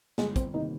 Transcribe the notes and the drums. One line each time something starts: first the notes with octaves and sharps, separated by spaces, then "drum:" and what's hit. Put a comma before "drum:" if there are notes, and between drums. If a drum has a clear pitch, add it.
G1 G#3, drum: snare
C4, drum: kick, hi-hat
C3 D#3 A#3 D#4